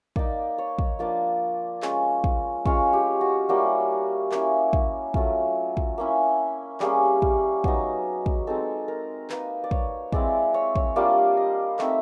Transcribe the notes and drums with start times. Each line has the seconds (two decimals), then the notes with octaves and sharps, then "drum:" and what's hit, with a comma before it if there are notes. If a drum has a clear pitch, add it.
0.16 A#3 D#4 D5, drum: kick
0.58 C#5
0.79 drum: kick
0.99 F3 A#3 D4 F4 D5
1.82 G#3 C#4 F4, drum: clap
2.24 drum: kick
2.66 G#3 C#4 F4 C#5, drum: kick
2.93 G4
3.21 F#4
3.49 G3 A#3 C#4 E4 F#4
4.32 A#3 C#4 E4, drum: clap
4.73 drum: kick
5.14 F#3 A3 C#4 F4, drum: kick
5.77 drum: kick
5.98 A#3 C#4 E4
6.80 G3 A#3 C#4 G#4, drum: clap
7.22 drum: kick
7.64 F#3 B3 D#4, drum: kick
8.26 drum: kick
8.47 G#3 C4 D#4 A4
8.88 A#4
9.30 A#3 D#4 B4, drum: clap
9.64 D5
9.71 C#5, drum: kick
10.12 G#3 C4 E4 D5, drum: kick
10.54 C#5
10.76 C#5, drum: kick
10.96 G3 A#3 D4 F4 D5
11.37 D#5
11.79 A3 C4 D#4 E5, drum: clap